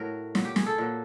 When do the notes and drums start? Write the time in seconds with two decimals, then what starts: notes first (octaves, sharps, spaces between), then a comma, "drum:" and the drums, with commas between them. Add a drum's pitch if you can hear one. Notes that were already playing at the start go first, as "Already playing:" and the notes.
Already playing: A2 F#3 A#4
0.35 A#2 F#3, drum: snare
0.45 G4
0.56 G#4, drum: snare
0.66 A4
0.78 A#2 F#3